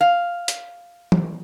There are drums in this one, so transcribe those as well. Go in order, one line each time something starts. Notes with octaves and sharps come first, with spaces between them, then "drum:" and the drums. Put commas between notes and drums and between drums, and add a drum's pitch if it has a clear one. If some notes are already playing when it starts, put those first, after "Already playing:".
F5
drum: hi-hat
drum: tom E3